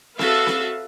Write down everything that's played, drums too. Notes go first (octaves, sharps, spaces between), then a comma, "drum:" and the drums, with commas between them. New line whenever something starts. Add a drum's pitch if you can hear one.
F#4 A4 B4 E5 F5, drum: snare C4
drum: snare C4